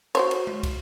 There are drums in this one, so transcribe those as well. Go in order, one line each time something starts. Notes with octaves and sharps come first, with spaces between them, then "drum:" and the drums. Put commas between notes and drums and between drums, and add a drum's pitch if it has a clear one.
F#4 C5 C#5, drum: cymbal
drum: cymbal
drum: tom G#3
drum: kick, cymbal